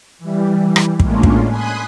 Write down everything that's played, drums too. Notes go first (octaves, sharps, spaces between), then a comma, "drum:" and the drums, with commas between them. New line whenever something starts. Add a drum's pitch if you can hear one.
E3 G3
drum: rim click
A2 G#3 A#3 C#4 D4 F4, drum: kick
drum: kick
G#5 B5 C6 D#6 F#6